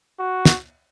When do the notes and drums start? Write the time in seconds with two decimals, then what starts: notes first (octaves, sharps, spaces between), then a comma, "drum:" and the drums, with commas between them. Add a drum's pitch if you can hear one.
0.20 F#4
0.45 drum: snare